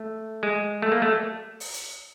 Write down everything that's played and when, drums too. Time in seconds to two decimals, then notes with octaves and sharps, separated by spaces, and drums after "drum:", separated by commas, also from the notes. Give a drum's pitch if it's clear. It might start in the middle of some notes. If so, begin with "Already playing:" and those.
Already playing: A3
0.43 G#3
0.82 A3
0.92 A#3
1.02 A3
1.60 drum: open hi-hat
1.74 drum: hi-hat